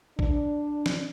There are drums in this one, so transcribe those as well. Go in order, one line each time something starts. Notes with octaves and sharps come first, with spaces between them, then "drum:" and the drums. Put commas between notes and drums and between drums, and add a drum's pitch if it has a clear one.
D4, drum: kick
drum: snare